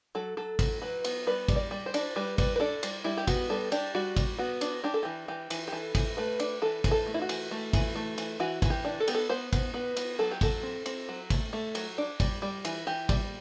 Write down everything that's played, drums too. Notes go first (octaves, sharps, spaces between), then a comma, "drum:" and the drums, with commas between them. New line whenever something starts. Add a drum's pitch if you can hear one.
F#3 A4
F#3 A4
F#3, drum: kick, cymbal
F#3 B4
B3, drum: cymbal
G3 B4
G3, drum: kick, cymbal
D5
G3
C5
D4, drum: cymbal
G3 B4
G3 B4, drum: kick, cymbal
B4
D4 A4
G3, drum: cymbal
G3 E4
G4
B3 F#4, drum: kick, cymbal
G3 A4
D4 G4, drum: cymbal
G3 F#4
G3, drum: kick, cymbal
B3 F#4
D4, drum: cymbal
D4 G4
A4
E3 G4
E3 G4
E3, drum: cymbal
G4
E3 A4
E3, drum: kick, cymbal
A3 B4
D4, drum: cymbal
E3 A4
E3, drum: kick, cymbal
A4
A3
E4
F#4
E3, drum: cymbal
A3
E3, drum: kick, cymbal
A3
E3, drum: cymbal
E3 F#4
E3, drum: kick, cymbal
G4
D4
A4
B3 G4, drum: cymbal
A4
B3 C5
B3, drum: kick, cymbal
B3 B4
B3, drum: cymbal
F#3 A4
G4
F#3 A4, drum: kick, cymbal
C4
C4, drum: cymbal
F#3
A3, drum: kick, cymbal
A3
F#3, drum: cymbal
D4
G3, drum: kick, cymbal
G3
E3, drum: cymbal
E3 G4
G3, drum: kick, cymbal